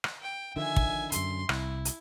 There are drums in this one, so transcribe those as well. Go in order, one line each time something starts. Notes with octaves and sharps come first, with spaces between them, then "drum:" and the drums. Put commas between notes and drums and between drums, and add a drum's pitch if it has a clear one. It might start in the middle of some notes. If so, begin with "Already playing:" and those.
drum: rim click
G5
D3 D#3 F3 E5 G#5
drum: kick
F#2 D3 C6, drum: hi-hat
C2 E4, drum: rim click
drum: hi-hat